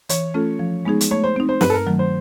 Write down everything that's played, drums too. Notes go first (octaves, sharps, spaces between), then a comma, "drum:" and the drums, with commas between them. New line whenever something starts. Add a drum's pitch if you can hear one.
E3 C#5, drum: hi-hat
A3 C#4 F4 A4
F3
G#3 B3 D#4 G#4
drum: hi-hat
A3 C#5
C5
C4 D#4
C5
G2 B4, drum: snare
A4
A#4
D#3 F#3 A3
C5